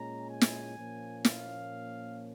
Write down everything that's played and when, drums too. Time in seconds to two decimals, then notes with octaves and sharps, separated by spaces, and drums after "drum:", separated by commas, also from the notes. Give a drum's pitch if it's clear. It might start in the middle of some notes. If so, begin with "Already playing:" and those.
Already playing: A#2 G#3 C#4 A#5
0.28 G#5
0.41 drum: snare
0.76 A#2 F3 A#3 C#4
1.25 F5, drum: snare